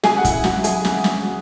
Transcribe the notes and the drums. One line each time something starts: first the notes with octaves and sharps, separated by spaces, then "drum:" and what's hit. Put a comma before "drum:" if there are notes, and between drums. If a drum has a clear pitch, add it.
C#3 G#4 G#5, drum: snare
F#5
E4 E5, drum: kick, hi-hat
F#3 F#4 F#5, drum: snare
G#4 G#5, drum: hi-hat
C#3, drum: snare
drum: snare
F#3